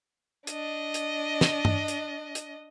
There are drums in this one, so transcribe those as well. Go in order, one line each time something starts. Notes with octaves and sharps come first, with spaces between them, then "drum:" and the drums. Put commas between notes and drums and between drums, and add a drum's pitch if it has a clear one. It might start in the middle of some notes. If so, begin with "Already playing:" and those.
D4 D#5, drum: hi-hat
drum: hi-hat
drum: snare
drum: tom G2
drum: hi-hat
drum: hi-hat